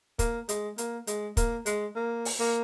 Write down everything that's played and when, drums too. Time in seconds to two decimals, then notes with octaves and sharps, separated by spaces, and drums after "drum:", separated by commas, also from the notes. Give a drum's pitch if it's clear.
0.19 A#3, drum: kick, hi-hat
0.49 G#3, drum: hi-hat
0.78 A#3, drum: hi-hat
1.07 G#3, drum: hi-hat
1.37 A#3, drum: kick, hi-hat
1.66 G#3, drum: hi-hat
1.96 A#3
2.25 drum: open hi-hat
2.40 A#3